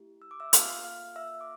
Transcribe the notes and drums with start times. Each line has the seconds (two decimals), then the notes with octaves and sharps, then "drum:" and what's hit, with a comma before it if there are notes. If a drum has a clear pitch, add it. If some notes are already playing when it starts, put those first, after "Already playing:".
Already playing: A3 E4 G4
0.22 E6
0.31 D6
0.40 E5 E6
0.53 A#3 F4 A4 F5 F6, drum: hi-hat
0.84 F5 F6
1.16 E5 E6
1.41 D6